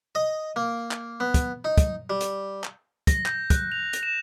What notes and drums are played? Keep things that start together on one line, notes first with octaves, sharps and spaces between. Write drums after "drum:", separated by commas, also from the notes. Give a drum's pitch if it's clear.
D#5
A#3
drum: clap
B3
drum: kick, hi-hat
D#4
drum: kick, hi-hat
G3
drum: hi-hat
drum: clap
A#6, drum: kick, hi-hat
G6, drum: clap
F#6, drum: kick, hi-hat
F7
drum: hi-hat
E7